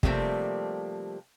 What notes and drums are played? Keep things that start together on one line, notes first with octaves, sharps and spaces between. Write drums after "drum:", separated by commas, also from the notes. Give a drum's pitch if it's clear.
C3 F3 G3 A3 A#3 C4, drum: kick